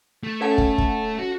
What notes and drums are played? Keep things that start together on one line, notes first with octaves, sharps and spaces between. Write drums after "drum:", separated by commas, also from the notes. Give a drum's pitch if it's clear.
A3
C#4 A4 F#5 A5
drum: kick
drum: kick
F#4